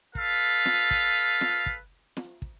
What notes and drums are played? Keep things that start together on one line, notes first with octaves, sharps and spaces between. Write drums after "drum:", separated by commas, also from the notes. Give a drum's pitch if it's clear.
A4 B4 F5, drum: kick
drum: snare
drum: kick
drum: snare
drum: kick
drum: snare
drum: kick